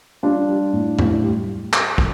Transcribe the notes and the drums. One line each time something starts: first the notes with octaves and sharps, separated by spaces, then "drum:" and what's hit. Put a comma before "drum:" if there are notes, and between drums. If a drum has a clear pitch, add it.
G3 D4 F4
G3
A2
A2, drum: tom E2
G3
drum: clap
drum: kick